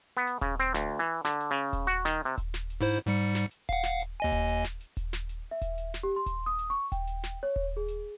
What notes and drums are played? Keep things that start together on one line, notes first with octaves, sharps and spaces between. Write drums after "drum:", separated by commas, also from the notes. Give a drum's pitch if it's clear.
B3
drum: hi-hat
C#3, drum: kick D#1, hi-hat
C4
D2, drum: snare
E3
D3, drum: snare
drum: hi-hat
C#3
drum: kick D#1, hi-hat
F#4, drum: hi-hat
D#3, drum: snare
C3
drum: kick D#1, hi-hat
drum: snare
drum: hi-hat
G#2 E4 C5
G#2 G3 C#7
drum: hi-hat
drum: snare
drum: hi-hat
F5 F#5, drum: kick D#1, hi-hat
drum: snare
drum: hi-hat
D#2 D#5 G#5
drum: kick D#1, hi-hat
drum: hi-hat
drum: snare
drum: hi-hat
drum: kick D#1, hi-hat
drum: snare
drum: hi-hat
E5
drum: kick D#1, hi-hat
drum: hi-hat
drum: snare
G4
C6
drum: kick D#1, hi-hat
D#6
drum: hi-hat
C#6
G5, drum: kick D#1, hi-hat
drum: hi-hat
drum: snare
C#5
drum: kick D#1
G#4
drum: hi-hat